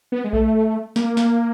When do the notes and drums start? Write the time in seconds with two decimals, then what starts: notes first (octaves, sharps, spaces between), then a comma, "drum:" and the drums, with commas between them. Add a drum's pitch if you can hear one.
0.12 B3
0.24 G#3
0.33 A3, drum: kick A#1
0.96 A#3, drum: snare
1.17 drum: snare